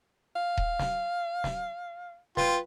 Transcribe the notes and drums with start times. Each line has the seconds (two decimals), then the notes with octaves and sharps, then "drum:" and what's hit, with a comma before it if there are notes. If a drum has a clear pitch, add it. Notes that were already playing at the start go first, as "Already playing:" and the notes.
0.36 F5
0.57 drum: kick D#1
0.79 drum: snare
1.44 drum: snare
2.37 F4 B4 G5, drum: snare